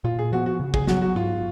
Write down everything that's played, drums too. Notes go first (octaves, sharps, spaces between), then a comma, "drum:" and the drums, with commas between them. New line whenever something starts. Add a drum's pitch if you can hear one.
A#2 F4
G#4
F3 B3 F#4
F#4
C#3
G#4, drum: kick
F#3 B3 F#4, drum: snare
F#4
G#2 F4